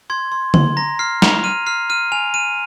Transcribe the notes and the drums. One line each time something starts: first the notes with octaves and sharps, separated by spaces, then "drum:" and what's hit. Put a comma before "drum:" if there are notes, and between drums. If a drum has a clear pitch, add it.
C6 G#6
C6
C6, drum: tom D3
A#5 A#6
F6 C7
A#5 F7, drum: snare
F6 D#7
F6 C7
F6 D#7
G#5 F7
F6 D#7